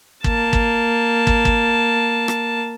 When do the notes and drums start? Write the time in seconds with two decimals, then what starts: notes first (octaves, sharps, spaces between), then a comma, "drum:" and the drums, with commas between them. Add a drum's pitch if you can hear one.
0.24 A#3 A5, drum: kick
0.53 drum: kick
1.27 drum: kick
1.45 drum: kick
2.28 drum: rim click